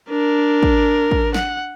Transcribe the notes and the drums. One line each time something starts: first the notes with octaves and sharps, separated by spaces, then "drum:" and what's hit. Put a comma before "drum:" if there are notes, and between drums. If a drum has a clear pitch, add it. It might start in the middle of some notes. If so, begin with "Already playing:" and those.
D4 A#4
drum: kick
drum: kick
F#5, drum: snare